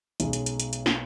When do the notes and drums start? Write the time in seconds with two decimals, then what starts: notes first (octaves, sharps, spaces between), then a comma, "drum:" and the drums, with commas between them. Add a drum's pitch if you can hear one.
0.20 B1 B2 G#3 C#4, drum: hi-hat
0.33 drum: hi-hat
0.46 drum: hi-hat
0.60 drum: hi-hat
0.73 drum: hi-hat
0.86 drum: snare